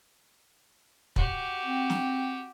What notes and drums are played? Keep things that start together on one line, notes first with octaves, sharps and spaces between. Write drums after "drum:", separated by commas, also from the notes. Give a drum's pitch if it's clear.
F#4 G4, drum: kick
C4
drum: snare